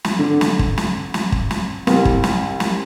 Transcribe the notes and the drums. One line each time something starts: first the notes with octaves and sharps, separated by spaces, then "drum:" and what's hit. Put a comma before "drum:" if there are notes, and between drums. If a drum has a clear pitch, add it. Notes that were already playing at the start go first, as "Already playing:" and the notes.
drum: snare
D3
drum: snare
drum: kick
drum: snare
drum: snare
drum: kick
drum: snare
C2, drum: snare
drum: kick
drum: snare
drum: snare